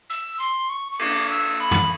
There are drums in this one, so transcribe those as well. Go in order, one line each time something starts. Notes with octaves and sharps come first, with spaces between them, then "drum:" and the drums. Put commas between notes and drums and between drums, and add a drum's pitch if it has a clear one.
E6
C6
C#6
C#6
D6, drum: cymbal
E6
B5
drum: tom